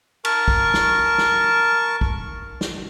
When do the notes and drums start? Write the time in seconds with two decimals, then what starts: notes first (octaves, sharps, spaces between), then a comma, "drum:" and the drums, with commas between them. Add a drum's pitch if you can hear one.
0.25 A#4 A5 C#6, drum: cymbal
0.48 drum: kick B1
0.74 drum: snare
1.18 drum: snare
2.01 drum: kick B1
2.61 drum: snare